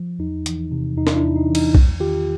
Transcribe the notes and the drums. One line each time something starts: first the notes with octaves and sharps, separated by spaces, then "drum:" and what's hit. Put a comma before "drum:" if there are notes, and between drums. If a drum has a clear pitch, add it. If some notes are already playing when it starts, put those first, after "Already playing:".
Already playing: F3
E2 D#4
E3, drum: hi-hat
C3
E2 D#4
drum: snare
D4 E4
E2
D#4
E3
D#4, drum: cymbal
E2, drum: kick
D#3 F4 G4